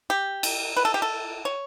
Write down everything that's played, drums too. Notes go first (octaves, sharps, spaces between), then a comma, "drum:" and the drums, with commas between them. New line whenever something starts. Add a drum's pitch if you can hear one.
G4
drum: cymbal
B4
A4
G4
A4
C#5